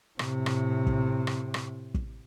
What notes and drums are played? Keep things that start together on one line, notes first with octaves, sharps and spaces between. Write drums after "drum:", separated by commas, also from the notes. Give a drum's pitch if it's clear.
A2 C3, drum: rim click
drum: rim click
drum: kick
drum: rim click
drum: rim click
drum: kick